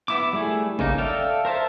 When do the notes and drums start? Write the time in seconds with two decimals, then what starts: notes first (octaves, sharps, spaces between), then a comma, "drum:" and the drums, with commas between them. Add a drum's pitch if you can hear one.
0.08 B3 E4 D6, drum: snare
0.33 G3 A3 E4 G#4
0.79 C#3 A#3 D#4, drum: kick G#1
0.98 A4 D5 E5 F5 G5
1.45 A#4 C5 E5 A5